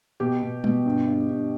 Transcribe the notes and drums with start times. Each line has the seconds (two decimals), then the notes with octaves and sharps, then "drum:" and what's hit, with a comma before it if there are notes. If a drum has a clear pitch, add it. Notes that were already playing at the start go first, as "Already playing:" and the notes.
0.20 B2 G4
0.42 B2
0.64 B2, drum: tom G3
0.86 G2
1.07 G2
1.29 G2